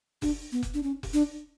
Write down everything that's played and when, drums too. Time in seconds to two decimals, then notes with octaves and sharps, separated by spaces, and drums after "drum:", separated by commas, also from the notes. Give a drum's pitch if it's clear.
0.22 D4, drum: kick F1, open hi-hat
0.52 B3
0.63 drum: kick F1, hi-hat
0.74 D4
0.83 C#4
1.03 drum: kick F1, open hi-hat
1.13 D4